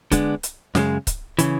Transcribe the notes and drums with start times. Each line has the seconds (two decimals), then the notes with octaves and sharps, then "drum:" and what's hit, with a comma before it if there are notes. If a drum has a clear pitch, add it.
0.12 D3 G#3 B3 D4, drum: kick C#1, hi-hat
0.43 drum: hi-hat
0.75 F#2 C#3 G#3, drum: snare
1.07 drum: kick C#1, hi-hat
1.39 C#3 E3, drum: hi-hat